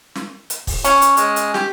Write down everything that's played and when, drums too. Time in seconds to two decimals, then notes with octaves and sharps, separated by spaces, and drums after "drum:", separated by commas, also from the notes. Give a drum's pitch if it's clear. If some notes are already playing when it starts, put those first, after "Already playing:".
0.15 drum: snare
0.50 drum: hi-hat
0.67 drum: kick, open hi-hat
0.84 C#4 C#5, drum: hi-hat
1.02 drum: hi-hat
1.17 G#3, drum: hi-hat
1.36 drum: hi-hat
1.54 G4, drum: snare